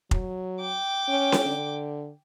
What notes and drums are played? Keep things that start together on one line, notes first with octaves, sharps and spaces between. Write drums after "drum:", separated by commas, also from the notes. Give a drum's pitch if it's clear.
F#3, drum: kick F1
G5 D6
C#4
drum: snare C#4
D3